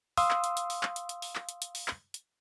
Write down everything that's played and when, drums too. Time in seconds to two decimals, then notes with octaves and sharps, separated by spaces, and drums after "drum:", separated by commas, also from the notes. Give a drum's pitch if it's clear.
0.17 F5 C6 D#6 E6, drum: open hi-hat
0.31 drum: clap
0.44 drum: hi-hat
0.57 drum: hi-hat
0.70 drum: open hi-hat
0.83 drum: clap
0.96 drum: hi-hat
1.09 drum: hi-hat
1.22 drum: open hi-hat
1.35 drum: clap
1.49 drum: hi-hat
1.62 drum: hi-hat
1.75 drum: open hi-hat
1.88 drum: clap
2.14 drum: hi-hat